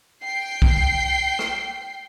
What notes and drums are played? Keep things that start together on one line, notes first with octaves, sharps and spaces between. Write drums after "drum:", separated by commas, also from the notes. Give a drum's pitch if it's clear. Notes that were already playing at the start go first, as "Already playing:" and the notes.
G5 C7
drum: kick B1
drum: rim click